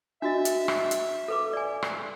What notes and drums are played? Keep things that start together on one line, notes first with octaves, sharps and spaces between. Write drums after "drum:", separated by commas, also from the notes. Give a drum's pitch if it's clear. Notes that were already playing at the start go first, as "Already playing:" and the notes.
D4 F#4 D#5 E5
drum: hi-hat
drum: rim click
drum: hi-hat
A4 B4 D6
D5 G#5
drum: rim click